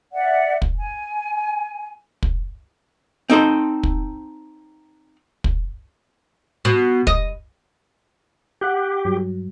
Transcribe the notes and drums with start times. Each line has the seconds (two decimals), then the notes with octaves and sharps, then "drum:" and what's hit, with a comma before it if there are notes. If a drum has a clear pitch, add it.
0.13 D5 E5 F#5
0.62 drum: kick
0.76 G#5
2.23 drum: kick
3.30 C4 D#4 A4 C5
3.83 drum: kick
5.44 drum: kick
6.65 B2
7.07 D#5, drum: kick
8.61 G4 F#5 F#6 G6
9.05 G2 F#3